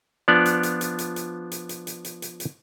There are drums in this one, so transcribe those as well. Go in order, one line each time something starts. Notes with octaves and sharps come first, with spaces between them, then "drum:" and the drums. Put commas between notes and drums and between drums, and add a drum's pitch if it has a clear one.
F3 B3 D4 D5
drum: hi-hat
drum: hi-hat
drum: hi-hat
drum: hi-hat
drum: hi-hat
drum: hi-hat
drum: hi-hat
drum: hi-hat
drum: hi-hat
drum: hi-hat
drum: hi-hat